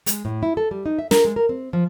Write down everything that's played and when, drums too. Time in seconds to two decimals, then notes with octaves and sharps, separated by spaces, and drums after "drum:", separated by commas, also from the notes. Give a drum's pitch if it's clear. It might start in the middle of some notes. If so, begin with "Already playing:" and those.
0.06 G#3, drum: hi-hat
0.25 A2
0.43 E4
0.57 A4
0.71 G3
0.86 D#4
0.99 E5
1.11 A#4, drum: snare
1.25 G#3
1.36 A#4
1.49 C4
1.73 F3